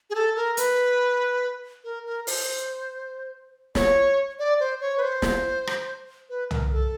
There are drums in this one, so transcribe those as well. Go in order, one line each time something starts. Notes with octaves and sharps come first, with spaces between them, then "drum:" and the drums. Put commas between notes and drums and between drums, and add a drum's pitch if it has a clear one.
G#4
A4
A#4
B4, drum: hi-hat
A#4
A#4
C5, drum: open hi-hat
C#5, drum: snare
D5
C5
C#5
B4
C5
drum: snare
drum: rim click
B4
A#4, drum: tom
A4